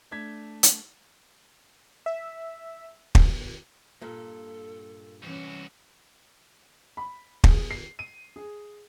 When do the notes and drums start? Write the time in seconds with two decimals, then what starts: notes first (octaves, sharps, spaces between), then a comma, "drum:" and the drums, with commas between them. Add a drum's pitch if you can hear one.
0.11 A3 D4 G#6 B6
0.63 drum: hi-hat
2.06 E5
3.15 drum: kick
4.01 G2 A#2 A4
5.22 C2 E3 C#4 F#4
6.97 B5
7.44 G#4, drum: kick
7.71 C7
7.99 D#7
8.36 G#4